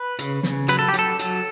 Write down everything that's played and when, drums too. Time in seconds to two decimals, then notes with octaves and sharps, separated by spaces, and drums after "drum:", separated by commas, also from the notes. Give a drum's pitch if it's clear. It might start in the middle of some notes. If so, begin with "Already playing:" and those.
Already playing: B4
0.19 C#3, drum: hi-hat
0.43 C#3, drum: snare
0.68 F#3 B4, drum: hi-hat
0.79 A4
0.89 G4
0.94 F#3, drum: hi-hat
0.99 A4
1.19 F#3, drum: hi-hat